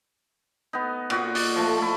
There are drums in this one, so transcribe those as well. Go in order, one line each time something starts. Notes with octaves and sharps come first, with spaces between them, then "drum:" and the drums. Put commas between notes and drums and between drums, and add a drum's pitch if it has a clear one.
B3 D#4
A#2 F#4, drum: cymbal
D5 D#5, drum: open hi-hat
F3 A3
A3 E4